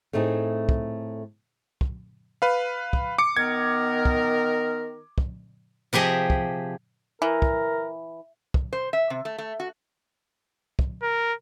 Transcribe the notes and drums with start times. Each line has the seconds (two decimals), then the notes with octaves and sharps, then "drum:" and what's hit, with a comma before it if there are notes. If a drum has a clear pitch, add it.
0.13 A2 A3 C4 D#4 G#4
0.69 drum: kick
1.81 drum: kick
2.42 B4 F5
2.93 drum: kick
3.18 D6 C#7
3.37 D#3 B3 A#4 G#6
4.05 drum: kick
5.18 drum: kick
5.93 C3 F3 G4 G#4 D#5
6.30 drum: kick
7.22 E3 A#4
7.42 drum: kick
8.54 drum: kick
8.73 C5
8.93 E5
9.10 C3
9.25 A3
9.38 A3
9.60 F#4
10.79 drum: kick
11.02 A#4